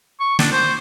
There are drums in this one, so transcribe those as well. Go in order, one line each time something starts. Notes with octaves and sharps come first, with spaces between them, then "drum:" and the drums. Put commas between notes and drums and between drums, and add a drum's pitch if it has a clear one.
C#6
D4, drum: snare
C5